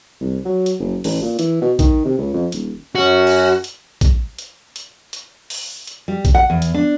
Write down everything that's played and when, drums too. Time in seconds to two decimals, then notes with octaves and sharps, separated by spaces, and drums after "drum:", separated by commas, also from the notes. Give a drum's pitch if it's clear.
0.20 C2
0.45 F#3
0.66 drum: hi-hat
0.79 F#1
1.04 A1, drum: open hi-hat
1.22 A#2
1.39 E3, drum: hi-hat
1.62 B2
1.79 D#3, drum: kick A#1, hi-hat
2.05 C3
2.18 C#2
2.33 F2
2.52 D#1, drum: hi-hat
2.95 F#2 C#4 F#4
3.27 drum: open hi-hat
3.64 drum: hi-hat
4.01 drum: kick A#1, hi-hat
4.39 drum: hi-hat
4.76 drum: hi-hat
5.13 drum: hi-hat
5.50 drum: open hi-hat
5.87 drum: hi-hat
6.08 G3
6.25 drum: kick A#1, hi-hat
6.35 F#5
6.50 E2
6.62 drum: hi-hat
6.74 D4